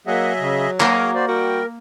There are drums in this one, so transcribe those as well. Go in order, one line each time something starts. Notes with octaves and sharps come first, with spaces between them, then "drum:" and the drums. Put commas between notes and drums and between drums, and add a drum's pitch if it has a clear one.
F#3 A#3 G#4 D#5 E5 F#5
C#3
A#3 F#4 G#4 A#4 C#5 D#5, drum: clap
F#4 C5 D5
G3 F#4 A#4 G5